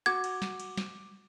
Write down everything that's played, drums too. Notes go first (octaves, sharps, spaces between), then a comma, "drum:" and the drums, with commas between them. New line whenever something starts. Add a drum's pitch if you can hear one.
F#4 D6 G#6
drum: cymbal
drum: snare
drum: cymbal
drum: snare